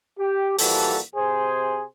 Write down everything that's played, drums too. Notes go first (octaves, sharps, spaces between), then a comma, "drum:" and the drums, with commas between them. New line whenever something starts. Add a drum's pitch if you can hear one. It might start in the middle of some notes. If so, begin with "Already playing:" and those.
G4
A#2 E3 F3 G3 F#4 A4, drum: open hi-hat
C3 G#4 C5